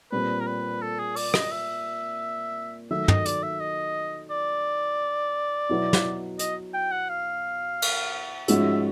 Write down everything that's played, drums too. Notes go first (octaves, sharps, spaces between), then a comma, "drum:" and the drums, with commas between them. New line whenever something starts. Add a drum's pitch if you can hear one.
A#2 G3 C4 B4
A#4
B4
A4
G#4
D5, drum: open hi-hat
D#5, drum: rim click
E5
D#3 F#3 A3 E5
D#5, drum: tom
D5, drum: hi-hat
E5
D#5
D5
B2 F#3 B3 E4
drum: snare
D#5, drum: hi-hat
G5
F#5
F5
drum: cymbal
G#2 F3 G#3 C#4 F#4 E5, drum: hi-hat